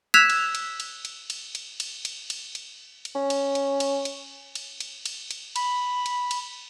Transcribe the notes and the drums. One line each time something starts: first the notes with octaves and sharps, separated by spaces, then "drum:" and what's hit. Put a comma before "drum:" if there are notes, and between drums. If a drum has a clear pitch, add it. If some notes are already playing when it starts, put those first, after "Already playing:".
E6 F#6 G#6 B6 E7 F7
drum: cymbal
drum: cymbal
drum: cymbal
drum: cymbal
drum: cymbal
drum: cymbal
drum: cymbal
drum: cymbal
drum: cymbal
drum: cymbal
drum: cymbal
C#4
drum: cymbal
drum: cymbal
drum: cymbal
drum: cymbal
drum: cymbal
drum: cymbal
drum: cymbal
drum: cymbal
B5, drum: cymbal
drum: cymbal
drum: cymbal